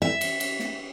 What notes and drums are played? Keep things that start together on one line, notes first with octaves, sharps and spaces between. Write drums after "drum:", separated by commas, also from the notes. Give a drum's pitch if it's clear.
E5
drum: cymbal
drum: cymbal
drum: snare